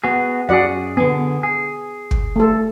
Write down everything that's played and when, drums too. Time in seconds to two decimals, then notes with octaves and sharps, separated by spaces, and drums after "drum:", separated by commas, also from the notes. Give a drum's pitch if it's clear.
0.04 B3 F#4 G#4
0.49 F#2 F#4 G#4 D5 F#5
0.97 D3 B3 G#4
1.43 G#4
2.11 drum: kick
2.36 A3 A4